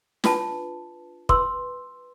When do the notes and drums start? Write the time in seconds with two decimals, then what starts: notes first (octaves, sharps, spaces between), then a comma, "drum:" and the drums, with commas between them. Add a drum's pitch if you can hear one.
0.24 D4 F4 B4 A5, drum: snare
1.29 B4 C6 E6, drum: kick